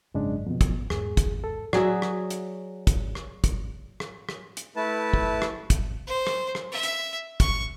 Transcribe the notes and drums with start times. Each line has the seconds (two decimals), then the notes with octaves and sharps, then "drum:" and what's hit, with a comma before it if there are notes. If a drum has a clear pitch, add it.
0.14 G#1 F#2 C#3 G#3 D4
0.46 F2 B2 B3
0.61 drum: kick, hi-hat
0.90 E2 G#2 E3 G#4, drum: rim click
1.17 drum: kick, hi-hat
1.44 A4
1.73 F#3 F#4 G#4 D5 E5, drum: rim click
2.02 drum: rim click
2.30 drum: hi-hat
2.87 drum: kick, hi-hat
3.15 drum: rim click
3.44 drum: kick, hi-hat
4.00 drum: rim click
4.29 drum: rim click
4.57 drum: hi-hat
4.76 A3 E4 B4 A5
5.13 drum: kick
5.42 drum: rim click
5.70 drum: kick, hi-hat
6.07 C5
6.27 drum: rim click
6.55 drum: rim click
6.72 E5
6.83 drum: hi-hat
7.40 C#6, drum: kick, hi-hat